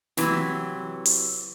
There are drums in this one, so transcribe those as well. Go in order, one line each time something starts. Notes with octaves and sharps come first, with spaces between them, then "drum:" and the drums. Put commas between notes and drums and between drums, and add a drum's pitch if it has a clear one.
C3 E3 F#3, drum: snare
drum: open hi-hat